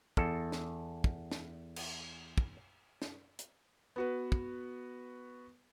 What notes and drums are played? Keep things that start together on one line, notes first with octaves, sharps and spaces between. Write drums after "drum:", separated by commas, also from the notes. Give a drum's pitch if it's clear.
E2 A4, drum: kick
drum: snare
drum: kick
drum: snare
drum: cymbal
drum: kick
drum: snare
drum: hi-hat
B3 F#4 B4
drum: kick